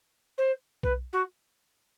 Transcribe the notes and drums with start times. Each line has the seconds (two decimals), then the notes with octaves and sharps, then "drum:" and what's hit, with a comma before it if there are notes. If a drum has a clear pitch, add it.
0.38 C5
0.83 B4, drum: kick B1
1.13 F#4